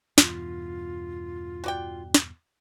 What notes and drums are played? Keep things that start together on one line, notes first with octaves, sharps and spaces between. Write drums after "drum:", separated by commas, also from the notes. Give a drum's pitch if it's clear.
E2 G2 B2 F4, drum: snare
F#4 D5 G5
drum: snare